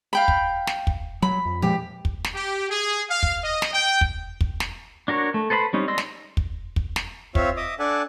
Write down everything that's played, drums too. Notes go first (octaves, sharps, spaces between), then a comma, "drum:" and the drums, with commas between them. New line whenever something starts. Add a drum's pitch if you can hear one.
F5 G5 B5
drum: kick
drum: snare
drum: kick
F#3 B5
F2
A#2 F3 G#3 G4
drum: kick
drum: snare
G4
G#4
F5
drum: kick
D#5
drum: snare
G5
drum: kick
drum: kick
drum: snare
D4 F#4 A#4 C#5
A3
A4 B4 C5 D#5 B5
G3 C4 C#4 D#4
G#3 D5 D#5 C6 E6
drum: snare
drum: kick
drum: kick
drum: snare
C4 F4 C#5 E5 F5, drum: kick
D#5 E5 D6 D#6
D4 A4 D5 F#5 G#5 A5